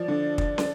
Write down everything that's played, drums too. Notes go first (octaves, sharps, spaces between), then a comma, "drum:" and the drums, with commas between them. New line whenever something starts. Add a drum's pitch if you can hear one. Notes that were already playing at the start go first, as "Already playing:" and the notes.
Already playing: F3 D5
D3
drum: kick
drum: snare